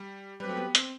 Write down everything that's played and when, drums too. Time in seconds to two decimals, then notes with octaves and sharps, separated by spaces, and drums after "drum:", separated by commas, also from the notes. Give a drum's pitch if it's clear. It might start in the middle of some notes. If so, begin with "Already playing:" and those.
Already playing: G3
0.39 F#3 G3 C4 G4 B4
0.49 A3
0.57 B3
0.75 C4, drum: hi-hat